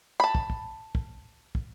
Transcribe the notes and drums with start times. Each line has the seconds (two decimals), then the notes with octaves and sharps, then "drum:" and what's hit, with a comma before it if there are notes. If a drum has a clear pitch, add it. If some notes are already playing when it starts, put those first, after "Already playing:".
0.20 A5 B5
0.35 drum: kick
0.50 drum: kick
0.95 drum: kick
1.55 drum: kick